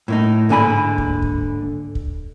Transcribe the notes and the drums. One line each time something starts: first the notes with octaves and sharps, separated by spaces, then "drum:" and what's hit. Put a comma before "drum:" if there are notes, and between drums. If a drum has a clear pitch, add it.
A2 A#3 D#4
G#2 D3 A#3 G#5 B5
drum: kick
drum: kick
drum: kick